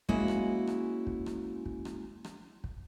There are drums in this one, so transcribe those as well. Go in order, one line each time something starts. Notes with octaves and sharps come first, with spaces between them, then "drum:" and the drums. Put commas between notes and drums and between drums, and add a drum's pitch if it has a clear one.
G#3 A#3 C#4 E4 F#4, drum: kick
drum: rim click
drum: rim click
drum: kick
drum: rim click
drum: kick
drum: rim click
drum: rim click
drum: kick